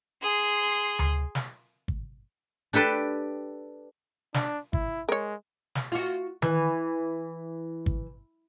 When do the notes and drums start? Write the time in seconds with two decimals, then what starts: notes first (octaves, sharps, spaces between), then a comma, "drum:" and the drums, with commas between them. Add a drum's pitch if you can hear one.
0.22 G#4 C6
0.99 drum: tom D2
1.35 drum: snare
1.88 drum: kick
2.73 D4 G4 A4 B4 G5 A5
4.34 D4, drum: snare
4.73 E4, drum: kick
5.09 G#3 A#4 C#5
5.75 drum: snare
5.92 F4 F#4, drum: open hi-hat
6.42 E3, drum: tom D#3
7.86 drum: kick